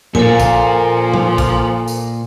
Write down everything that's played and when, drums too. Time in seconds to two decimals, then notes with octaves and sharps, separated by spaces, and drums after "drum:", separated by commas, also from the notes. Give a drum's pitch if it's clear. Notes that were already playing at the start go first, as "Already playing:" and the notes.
0.15 A#2 F3 A#3 A4 G#5, drum: tom A2
0.40 drum: kick, tambourine
1.14 drum: tom A#2
1.38 drum: kick, tambourine
1.88 drum: tambourine